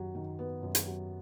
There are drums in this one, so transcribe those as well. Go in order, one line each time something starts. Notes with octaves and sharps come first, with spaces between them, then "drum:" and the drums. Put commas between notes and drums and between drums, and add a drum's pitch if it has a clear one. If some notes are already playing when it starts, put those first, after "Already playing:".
Already playing: F#2 D#3 F#3
D#3
B3
F#2
drum: hi-hat
F#3